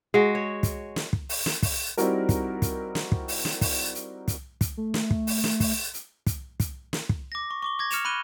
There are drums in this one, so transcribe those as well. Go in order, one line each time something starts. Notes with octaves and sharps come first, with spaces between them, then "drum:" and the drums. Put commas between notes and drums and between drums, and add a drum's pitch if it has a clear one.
G#3 F#4
C#5
drum: kick, hi-hat
drum: snare
drum: kick
drum: open hi-hat
drum: snare
drum: kick, open hi-hat
G3 C4 D#4 E4 F#4 A#4, drum: hi-hat
drum: kick, hi-hat
drum: kick, hi-hat
drum: snare
drum: kick
drum: open hi-hat
drum: snare
drum: kick, open hi-hat
drum: hi-hat
drum: kick, hi-hat
drum: kick, hi-hat
A3
drum: snare
drum: kick
drum: open hi-hat
drum: snare
drum: kick, open hi-hat
drum: hi-hat
drum: kick, hi-hat
drum: kick, hi-hat
drum: snare
drum: kick
D6 A#6
C#6
C#6 D6 G7
D6 G#6 A#6
F6 C#7 E7 F7, drum: hi-hat
B5 F#6 D#7 G7